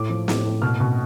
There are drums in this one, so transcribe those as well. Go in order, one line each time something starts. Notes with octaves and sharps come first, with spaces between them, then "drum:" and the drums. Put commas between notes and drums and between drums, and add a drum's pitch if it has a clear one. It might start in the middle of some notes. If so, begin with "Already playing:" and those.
Already playing: A2 D6
F3
A2, drum: snare
A2
B2 F6
B2